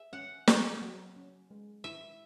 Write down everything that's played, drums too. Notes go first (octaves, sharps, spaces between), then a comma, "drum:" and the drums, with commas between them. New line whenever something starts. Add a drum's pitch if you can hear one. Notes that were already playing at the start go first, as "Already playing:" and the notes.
Already playing: G#4 E5
C#4 F#5
C#4, drum: snare
F#3
C#4
G#3
E4 E5